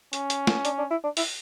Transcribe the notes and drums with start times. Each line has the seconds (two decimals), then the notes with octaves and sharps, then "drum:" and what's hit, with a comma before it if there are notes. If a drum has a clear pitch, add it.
0.13 C#4, drum: hi-hat
0.30 drum: hi-hat
0.47 drum: snare
0.65 D4, drum: hi-hat
0.78 D4
0.91 E4
1.04 D4
1.17 E4, drum: open hi-hat